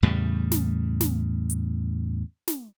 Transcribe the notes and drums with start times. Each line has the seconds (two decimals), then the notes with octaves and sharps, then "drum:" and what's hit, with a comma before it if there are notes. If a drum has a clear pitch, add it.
0.03 E2 A2 C#3 G3
0.52 drum: snare
1.01 drum: snare
1.50 drum: hi-hat
2.48 drum: snare